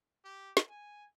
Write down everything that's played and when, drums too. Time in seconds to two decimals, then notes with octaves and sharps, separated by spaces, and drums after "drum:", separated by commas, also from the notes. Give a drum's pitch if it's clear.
0.24 G4
0.57 drum: snare
0.69 G#5